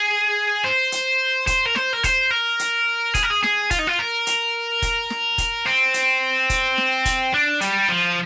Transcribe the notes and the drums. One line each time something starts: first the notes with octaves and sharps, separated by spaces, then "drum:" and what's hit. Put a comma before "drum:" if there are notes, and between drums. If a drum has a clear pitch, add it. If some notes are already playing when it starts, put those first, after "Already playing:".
Already playing: G#4
C5
drum: hi-hat
C5, drum: kick E1, hi-hat
A#4
C5, drum: snare
A#4
C5, drum: kick E1, hi-hat
A#4
drum: hi-hat
G#4, drum: kick E1, hi-hat
A#4
G#4
G#4, drum: snare
F4, drum: kick E1, hi-hat
D#4
F4
A#4
drum: hi-hat
drum: kick E1, hi-hat
drum: snare
drum: kick E1, hi-hat
C4
drum: hi-hat
drum: kick E1, hi-hat
drum: snare
drum: kick E1, hi-hat
D4
G3, drum: hi-hat
F3